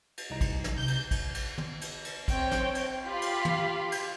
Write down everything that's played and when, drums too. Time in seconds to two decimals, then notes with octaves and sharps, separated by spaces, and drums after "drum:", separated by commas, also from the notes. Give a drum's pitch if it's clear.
0.17 drum: cymbal
0.30 C2 D#4 A#6
0.41 drum: kick, cymbal
0.64 drum: snare
0.77 C3 G6
0.88 drum: cymbal
1.11 drum: kick, cymbal
1.34 drum: cymbal
1.58 drum: tom
1.81 drum: cymbal
2.05 drum: cymbal
2.28 C4 C#5 G5, drum: kick, cymbal
2.51 drum: snare
2.75 drum: cymbal
3.06 F4 G4 F5 B5
3.22 drum: cymbal
3.45 drum: tom
3.92 drum: cymbal